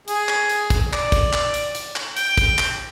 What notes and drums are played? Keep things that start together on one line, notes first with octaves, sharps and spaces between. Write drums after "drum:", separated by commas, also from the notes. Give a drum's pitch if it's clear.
G#4, drum: hi-hat
drum: clap
drum: hi-hat
drum: kick, hi-hat
D5, drum: clap
drum: kick, hi-hat
drum: clap
drum: hi-hat
drum: hi-hat
drum: clap
G5, drum: hi-hat
drum: kick, hi-hat
drum: clap